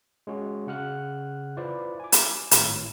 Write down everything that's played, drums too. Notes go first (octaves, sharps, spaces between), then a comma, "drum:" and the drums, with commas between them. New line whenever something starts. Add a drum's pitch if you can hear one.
G#3 C#4 F#4
C#3 F#5 F6 F#6
E4 F4 B4 C5 D5
G#5 D6
drum: hi-hat
G#1 A2, drum: hi-hat